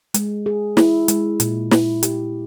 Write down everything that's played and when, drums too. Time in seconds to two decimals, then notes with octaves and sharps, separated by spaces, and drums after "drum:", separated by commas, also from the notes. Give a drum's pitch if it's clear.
0.14 G#3, drum: hi-hat
0.46 G#4
0.77 E4, drum: snare
1.08 G#3, drum: hi-hat
1.40 A#2, drum: hi-hat
1.71 E4, drum: snare
2.03 G4, drum: hi-hat